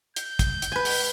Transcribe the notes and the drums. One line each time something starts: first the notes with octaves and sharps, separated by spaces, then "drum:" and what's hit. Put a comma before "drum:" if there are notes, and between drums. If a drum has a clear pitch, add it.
G6, drum: hi-hat
drum: kick, hi-hat
drum: hi-hat
B4 G#5
drum: open hi-hat